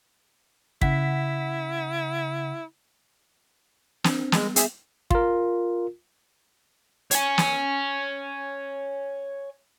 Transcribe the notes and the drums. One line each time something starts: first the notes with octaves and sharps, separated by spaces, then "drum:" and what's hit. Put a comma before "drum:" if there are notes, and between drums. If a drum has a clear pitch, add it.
C#3 E4 F#5 B6, drum: kick
C4 D4 C5, drum: snare
G3 G#3 B3, drum: snare
B3 G#4 E5 G6 E7, drum: hi-hat
F4 A#4, drum: kick
C#5 G#5, drum: hi-hat
drum: snare